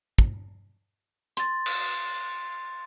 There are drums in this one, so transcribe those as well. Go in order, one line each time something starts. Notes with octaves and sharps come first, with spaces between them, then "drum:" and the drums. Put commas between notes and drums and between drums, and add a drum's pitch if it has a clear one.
drum: kick
C6 A6, drum: hi-hat
drum: cymbal